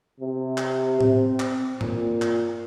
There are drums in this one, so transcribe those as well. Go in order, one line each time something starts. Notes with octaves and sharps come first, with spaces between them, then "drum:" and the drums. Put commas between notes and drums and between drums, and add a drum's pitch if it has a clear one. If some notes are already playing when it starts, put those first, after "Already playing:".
C3
drum: clap
C4, drum: tom A2
drum: clap
A#2, drum: tom G2
drum: clap